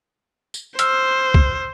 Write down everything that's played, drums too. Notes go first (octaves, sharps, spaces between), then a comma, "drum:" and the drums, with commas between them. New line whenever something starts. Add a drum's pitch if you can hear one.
drum: tambourine
C5 E6 F6, drum: hi-hat
drum: kick C2